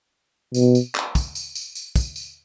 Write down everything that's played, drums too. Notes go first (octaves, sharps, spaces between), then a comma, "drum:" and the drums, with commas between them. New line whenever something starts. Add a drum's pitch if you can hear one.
B2, drum: tambourine
drum: tambourine
drum: clap
drum: kick, tambourine
drum: tambourine
drum: tambourine
drum: tambourine
drum: kick, tambourine
drum: tambourine